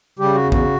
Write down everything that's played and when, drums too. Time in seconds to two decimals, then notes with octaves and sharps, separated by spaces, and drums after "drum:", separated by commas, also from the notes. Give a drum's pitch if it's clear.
0.19 C#3 G3 G4
0.35 F#4
0.43 E2
0.52 F#4, drum: kick